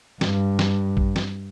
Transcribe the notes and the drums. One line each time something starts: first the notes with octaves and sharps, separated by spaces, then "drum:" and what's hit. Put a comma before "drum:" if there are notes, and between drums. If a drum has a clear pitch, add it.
G2, drum: snare
drum: snare
drum: kick A1
drum: snare